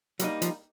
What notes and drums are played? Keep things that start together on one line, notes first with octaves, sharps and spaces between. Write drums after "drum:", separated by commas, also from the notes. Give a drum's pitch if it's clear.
F#3 G3 A#3 D#4, drum: hi-hat
F3, drum: hi-hat